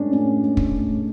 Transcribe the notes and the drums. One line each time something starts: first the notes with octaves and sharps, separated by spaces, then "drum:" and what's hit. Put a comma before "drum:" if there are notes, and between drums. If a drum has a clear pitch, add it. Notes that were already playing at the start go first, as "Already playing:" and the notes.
Already playing: A2 G#3 C#4 D4
A2 C#4
G#3
drum: kick
A2